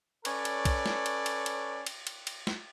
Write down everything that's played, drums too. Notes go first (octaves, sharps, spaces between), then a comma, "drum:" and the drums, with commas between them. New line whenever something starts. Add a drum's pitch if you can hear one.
C#4 A4 B4 C#5 D5, drum: cymbal
drum: cymbal
drum: kick B1, cymbal
drum: snare
drum: cymbal
drum: cymbal
drum: cymbal
drum: cymbal
drum: cymbal
drum: cymbal
drum: snare